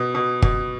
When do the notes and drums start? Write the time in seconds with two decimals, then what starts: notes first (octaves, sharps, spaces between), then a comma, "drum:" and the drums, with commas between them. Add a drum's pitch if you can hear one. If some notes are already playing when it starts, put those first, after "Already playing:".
Already playing: B2
0.15 B2
0.42 B2, drum: kick